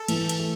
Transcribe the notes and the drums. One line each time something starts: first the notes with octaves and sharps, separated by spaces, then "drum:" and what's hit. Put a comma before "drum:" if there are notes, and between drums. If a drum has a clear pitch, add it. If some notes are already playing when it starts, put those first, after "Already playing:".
Already playing: A4
E3, drum: cymbal
drum: cymbal
A3